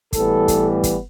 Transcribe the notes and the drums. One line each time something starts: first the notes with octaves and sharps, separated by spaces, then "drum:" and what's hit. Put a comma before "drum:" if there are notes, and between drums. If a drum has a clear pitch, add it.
A2 E3 G3 B3 A4, drum: kick, hi-hat
drum: kick, hi-hat
drum: kick, hi-hat